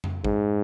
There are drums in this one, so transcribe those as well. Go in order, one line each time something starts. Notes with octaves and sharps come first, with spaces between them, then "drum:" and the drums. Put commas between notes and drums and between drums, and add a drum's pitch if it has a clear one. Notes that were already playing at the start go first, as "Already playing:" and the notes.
drum: tom F2
G#2, drum: kick